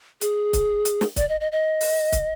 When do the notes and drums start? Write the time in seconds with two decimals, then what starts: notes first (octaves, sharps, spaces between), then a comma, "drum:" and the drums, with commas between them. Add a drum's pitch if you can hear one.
0.21 G#4, drum: hi-hat
0.53 drum: kick, hi-hat
0.85 drum: hi-hat
1.01 drum: snare
1.16 D5, drum: kick, hi-hat
1.29 D#5
1.41 D#5
1.52 D#5
1.81 drum: open hi-hat
2.12 drum: kick, hi-hat